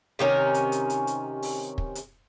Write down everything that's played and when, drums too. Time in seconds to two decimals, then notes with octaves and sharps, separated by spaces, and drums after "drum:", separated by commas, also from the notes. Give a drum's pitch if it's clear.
0.19 C3 D#3 C#4 A#4
0.54 drum: hi-hat
0.72 drum: hi-hat
0.90 drum: hi-hat
1.07 drum: hi-hat
1.43 drum: open hi-hat
1.78 drum: kick
1.95 drum: hi-hat